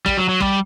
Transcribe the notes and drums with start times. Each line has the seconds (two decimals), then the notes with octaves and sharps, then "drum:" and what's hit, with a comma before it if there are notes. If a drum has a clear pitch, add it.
0.06 G3, drum: kick
0.18 F#3
0.29 F#3
0.40 G3, drum: kick